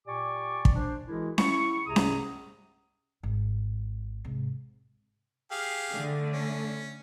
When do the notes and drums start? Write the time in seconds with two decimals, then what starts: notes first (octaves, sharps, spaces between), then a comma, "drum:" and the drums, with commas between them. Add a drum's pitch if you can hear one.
0.06 A#2 G4 D5 G#5 C#6 D6
0.65 drum: kick
0.76 D4 C5
1.08 E3 G#3 E4 F#4 G#4 A#4
1.38 E4 C#6, drum: snare C#4
1.86 C2 G2 C3 G#4 A#5 D#6
1.96 drum: snare C#4
3.23 G#1
4.24 G#2 C3
5.51 G4 G#4 F5
5.91 D3 A3
6.33 C#4